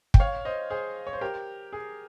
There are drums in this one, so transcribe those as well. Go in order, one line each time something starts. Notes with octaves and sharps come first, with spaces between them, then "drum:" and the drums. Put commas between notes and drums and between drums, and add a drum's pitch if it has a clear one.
G5, drum: kick
C#5 F5
C5 D#5
G#4 C5
C#5
C5
G4 A#4
G#4